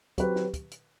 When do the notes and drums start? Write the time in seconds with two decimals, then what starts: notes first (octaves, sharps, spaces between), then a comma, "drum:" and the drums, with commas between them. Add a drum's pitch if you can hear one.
0.18 F#3 C4 G4 B4, drum: kick, hi-hat
0.36 drum: snare
0.54 drum: kick, hi-hat
0.71 drum: hi-hat